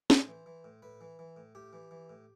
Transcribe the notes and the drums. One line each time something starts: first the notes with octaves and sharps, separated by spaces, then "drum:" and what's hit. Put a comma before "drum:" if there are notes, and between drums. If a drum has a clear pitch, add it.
A2 C5, drum: snare
E3
E3
A2
A2 B4
E3
E3
A2
A2 G4
E3
E3
A2